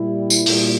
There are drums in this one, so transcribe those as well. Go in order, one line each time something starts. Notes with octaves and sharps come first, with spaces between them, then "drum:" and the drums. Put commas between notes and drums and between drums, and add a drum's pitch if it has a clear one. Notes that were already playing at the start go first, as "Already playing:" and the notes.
Already playing: A#2 G3 E4
drum: tambourine
A#2 G3, drum: open hi-hat